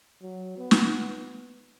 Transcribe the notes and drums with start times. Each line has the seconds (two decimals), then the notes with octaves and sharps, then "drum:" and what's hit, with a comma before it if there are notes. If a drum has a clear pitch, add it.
0.22 F#3
0.57 B3
0.71 drum: snare